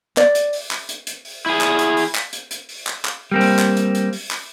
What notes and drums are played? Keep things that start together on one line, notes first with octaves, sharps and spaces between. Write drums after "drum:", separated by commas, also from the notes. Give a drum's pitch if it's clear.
D5, drum: clap
drum: hi-hat
drum: open hi-hat
drum: clap
drum: hi-hat
drum: hi-hat
drum: open hi-hat
E4 G#4
drum: clap
drum: hi-hat
drum: open hi-hat
drum: clap
drum: hi-hat
drum: hi-hat
drum: open hi-hat
drum: clap
drum: clap
G3 A#3 C4
drum: open hi-hat
drum: clap
drum: hi-hat
drum: hi-hat
drum: open hi-hat
drum: clap